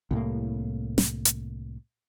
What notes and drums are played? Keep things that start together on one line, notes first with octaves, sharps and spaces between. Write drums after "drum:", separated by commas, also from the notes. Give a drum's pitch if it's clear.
C2 A2 A#3
drum: snare
drum: hi-hat